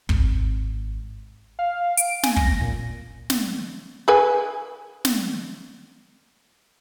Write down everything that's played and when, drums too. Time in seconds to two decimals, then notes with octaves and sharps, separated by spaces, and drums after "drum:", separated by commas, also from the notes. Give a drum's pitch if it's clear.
0.09 G#1, drum: kick
1.59 F5
1.97 D7, drum: hi-hat
2.23 G#5, drum: snare
2.36 A#6, drum: kick
2.61 A#2
3.30 drum: snare
4.08 G#4 B4 G#5
5.05 drum: snare